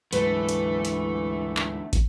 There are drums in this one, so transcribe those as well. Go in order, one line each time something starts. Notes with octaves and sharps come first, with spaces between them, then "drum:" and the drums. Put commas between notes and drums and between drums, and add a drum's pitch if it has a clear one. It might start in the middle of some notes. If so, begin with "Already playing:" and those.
D2 G#2 E3 F#3 A3 B4, drum: hi-hat
drum: hi-hat
drum: hi-hat
drum: clap
drum: kick, hi-hat